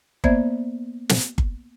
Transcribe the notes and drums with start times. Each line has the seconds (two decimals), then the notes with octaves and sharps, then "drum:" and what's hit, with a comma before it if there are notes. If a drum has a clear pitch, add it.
0.24 A#3 B3 C5 D5 E5 G#6, drum: kick G1
1.09 drum: snare
1.38 drum: kick G1